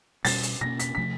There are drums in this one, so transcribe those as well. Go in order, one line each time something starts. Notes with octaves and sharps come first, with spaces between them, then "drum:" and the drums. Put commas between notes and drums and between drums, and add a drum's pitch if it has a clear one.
B2 G3 A#3 C#4 A6, drum: open hi-hat
drum: hi-hat
B2 G3 A#3 C#4 A#6
B6, drum: hi-hat
B6
C3 F3 A3